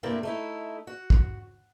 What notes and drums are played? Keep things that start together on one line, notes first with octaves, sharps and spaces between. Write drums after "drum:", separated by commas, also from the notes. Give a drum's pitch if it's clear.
G2 C3 A3 A#3 E4
A3 D#4 E4
F#4
drum: kick